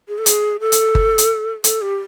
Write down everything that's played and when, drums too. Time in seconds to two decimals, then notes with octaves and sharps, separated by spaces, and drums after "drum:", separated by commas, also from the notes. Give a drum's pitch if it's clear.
0.08 G#4
0.18 A4
0.26 G#4, drum: hi-hat
0.60 A4
0.72 drum: hi-hat
0.95 drum: kick G1
1.18 drum: hi-hat
1.64 A4, drum: hi-hat
1.82 G4